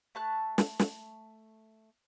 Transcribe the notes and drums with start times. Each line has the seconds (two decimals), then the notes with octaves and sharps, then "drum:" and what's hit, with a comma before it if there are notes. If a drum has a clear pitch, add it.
0.15 A3 A5 F#6
0.58 drum: snare
0.79 drum: snare